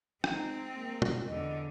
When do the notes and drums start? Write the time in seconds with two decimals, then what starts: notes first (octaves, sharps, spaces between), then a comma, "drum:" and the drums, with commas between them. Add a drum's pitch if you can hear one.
0.24 G#3 C4 D#4, drum: rim click
0.73 A#3
1.02 drum: tom
1.27 E2 D3 D#5